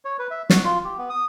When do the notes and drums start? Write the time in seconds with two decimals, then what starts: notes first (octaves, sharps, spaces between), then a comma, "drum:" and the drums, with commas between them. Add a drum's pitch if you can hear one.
0.05 C#5
0.19 B4
0.31 E5
0.50 F#4, drum: snare
0.65 F4
0.85 G4
0.98 B3
1.10 D#6